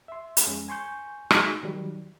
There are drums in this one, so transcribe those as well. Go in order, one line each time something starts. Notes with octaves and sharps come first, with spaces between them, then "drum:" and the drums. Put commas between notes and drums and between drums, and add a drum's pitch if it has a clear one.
E5 C6
drum: hi-hat
F2 G#3 C#4
G#5 C6 C#6 G6
A3 D#4 F#4 G#4, drum: rim click
D#3 F#3 G3